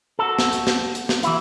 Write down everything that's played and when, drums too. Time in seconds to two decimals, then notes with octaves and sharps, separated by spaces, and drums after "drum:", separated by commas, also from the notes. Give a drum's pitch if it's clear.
0.19 F#4 A4
0.39 drum: snare
0.53 drum: hi-hat
0.67 drum: snare
0.95 drum: hi-hat
1.09 drum: snare
1.23 E3 E4, drum: hi-hat